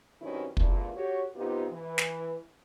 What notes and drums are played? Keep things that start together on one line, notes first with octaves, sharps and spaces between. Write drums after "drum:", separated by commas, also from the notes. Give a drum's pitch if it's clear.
G2 D#3 F#3 C4 C#4 E4
E2 A#2 D3 A3 A#3 E4, drum: kick
F#4 G4 A4 C#5
C3 B3 D#4 F4 G4
E3
drum: snare